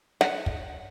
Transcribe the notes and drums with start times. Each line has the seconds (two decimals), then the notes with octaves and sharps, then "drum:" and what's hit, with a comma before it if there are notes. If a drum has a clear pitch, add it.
0.21 F#5, drum: snare
0.46 drum: kick